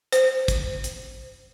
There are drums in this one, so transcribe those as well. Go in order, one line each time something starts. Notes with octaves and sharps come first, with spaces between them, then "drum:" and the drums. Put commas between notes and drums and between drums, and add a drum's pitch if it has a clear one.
C5, drum: hi-hat
drum: kick, hi-hat
drum: hi-hat